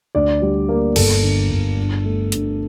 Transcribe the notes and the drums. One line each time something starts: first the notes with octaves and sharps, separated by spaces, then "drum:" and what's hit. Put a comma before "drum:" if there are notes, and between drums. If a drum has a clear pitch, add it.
D2 D5
G3
A#3
G1 A4, drum: cymbal
D3
G1
G2
A3
G2, drum: hi-hat